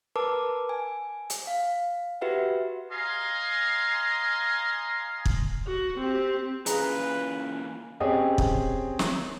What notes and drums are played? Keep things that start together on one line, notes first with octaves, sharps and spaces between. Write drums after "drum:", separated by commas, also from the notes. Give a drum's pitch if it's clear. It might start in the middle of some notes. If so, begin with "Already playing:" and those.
A#4 B4 A5 D6
G#5
drum: hi-hat
F5
F#4 G4 B4 E5 F#5
D#5 F5 G#5 A#5 C6
drum: kick
F#4
C4 G4
E3 A#3 C#4 F4 G#4 B4 A#5, drum: hi-hat
C4 C#4 G4 G#4 D#5
drum: kick
drum: snare